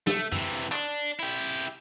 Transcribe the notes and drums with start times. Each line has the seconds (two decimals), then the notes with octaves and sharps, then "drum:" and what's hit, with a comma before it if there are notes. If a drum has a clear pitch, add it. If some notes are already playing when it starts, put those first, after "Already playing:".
0.07 A3, drum: snare
0.32 C3 E3, drum: tom F#2
0.72 D4, drum: clap
1.20 E4 G4